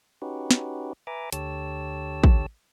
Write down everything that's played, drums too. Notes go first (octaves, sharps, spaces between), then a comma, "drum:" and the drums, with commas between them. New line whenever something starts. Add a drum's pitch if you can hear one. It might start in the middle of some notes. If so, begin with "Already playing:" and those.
C#4 D#4 F#4 G4 B4
drum: snare
B4 E5 G#5 A#5 D6
D2 D3 G4 C#5 A5 E6, drum: hi-hat
drum: kick A1